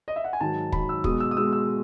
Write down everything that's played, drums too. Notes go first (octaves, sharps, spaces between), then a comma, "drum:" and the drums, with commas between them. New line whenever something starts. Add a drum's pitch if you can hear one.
D#5
E5
F#5
G#5
G#2 D#3 F#3 A5
G#2 D#3 F#3 B5, drum: kick
E6
B2 G#3 D#6, drum: kick
E6
D#6
B2 G#3 E6
E6